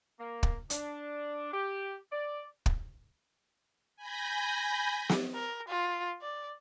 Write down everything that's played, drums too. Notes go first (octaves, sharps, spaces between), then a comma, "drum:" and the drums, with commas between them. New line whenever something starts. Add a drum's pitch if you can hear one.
A#3
drum: kick
D4, drum: hi-hat
G4
D5
drum: kick
G#5 B5 G6 A#6
drum: snare
A#4
F4
D5